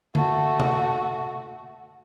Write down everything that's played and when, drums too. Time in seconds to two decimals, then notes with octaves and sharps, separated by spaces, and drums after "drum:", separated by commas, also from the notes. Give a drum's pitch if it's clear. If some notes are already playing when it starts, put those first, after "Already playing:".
0.15 A3 F#4, drum: tom D3
0.60 drum: tom C3